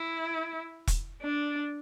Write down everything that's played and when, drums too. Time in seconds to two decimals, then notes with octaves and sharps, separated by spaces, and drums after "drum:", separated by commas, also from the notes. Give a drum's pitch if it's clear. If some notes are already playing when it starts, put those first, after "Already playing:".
Already playing: E4
0.87 drum: kick E1, hi-hat
1.22 D4